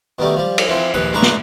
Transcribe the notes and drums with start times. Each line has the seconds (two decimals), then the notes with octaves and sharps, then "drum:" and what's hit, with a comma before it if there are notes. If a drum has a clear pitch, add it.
0.19 B2 D#3 G3 A3
0.36 F3 G3
0.58 drum: cymbal
0.68 E3 F3 C4
0.94 A#1 D#2 B4 D#6
1.12 A2 G#3 D4 B4 A#5 C#6
1.22 drum: snare